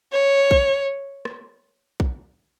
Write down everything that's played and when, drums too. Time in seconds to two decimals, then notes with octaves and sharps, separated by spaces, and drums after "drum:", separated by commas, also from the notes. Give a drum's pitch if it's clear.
0.13 C#5
0.51 drum: kick A#1
1.25 drum: rim click
2.00 drum: kick A#1